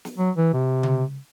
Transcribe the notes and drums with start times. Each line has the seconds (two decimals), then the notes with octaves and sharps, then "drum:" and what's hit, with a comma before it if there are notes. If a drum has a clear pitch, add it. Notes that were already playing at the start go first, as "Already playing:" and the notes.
0.05 drum: snare
0.18 F#3
0.36 E3
0.53 C3
0.83 drum: tom C#3